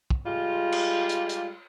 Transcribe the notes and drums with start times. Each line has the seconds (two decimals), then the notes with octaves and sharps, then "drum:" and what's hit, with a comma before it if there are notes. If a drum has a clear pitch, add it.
0.10 drum: kick
0.25 G3 G#3 F4
0.72 drum: cymbal
1.09 drum: hi-hat
1.29 drum: hi-hat